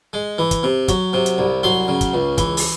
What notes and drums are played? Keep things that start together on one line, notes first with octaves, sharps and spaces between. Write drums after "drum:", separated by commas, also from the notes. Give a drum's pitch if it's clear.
G#3
E3
drum: kick, hi-hat
C3
F#3, drum: kick, hi-hat
C3
drum: hi-hat
C2
F#3 C6
C#3
drum: kick, hi-hat
C#2
E3, drum: kick, hi-hat
drum: open hi-hat